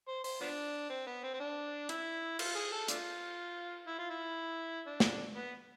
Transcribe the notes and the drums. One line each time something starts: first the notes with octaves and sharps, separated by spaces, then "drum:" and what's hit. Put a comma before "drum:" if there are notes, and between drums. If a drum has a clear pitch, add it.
C5
C5, drum: open hi-hat
F3 B3 D4
C4
B3
C4
C4
D4
E4, drum: hi-hat
F4, drum: cymbal
G#4
A4
A3 D4 F4, drum: hi-hat
E4
F4
E4
D4
drum: snare
B3